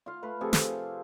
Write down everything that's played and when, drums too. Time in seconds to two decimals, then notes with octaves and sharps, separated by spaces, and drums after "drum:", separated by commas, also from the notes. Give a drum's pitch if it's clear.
0.06 F4 F5
0.23 A3 B4 F5
0.41 C3 F3 G#4 A4
0.53 drum: snare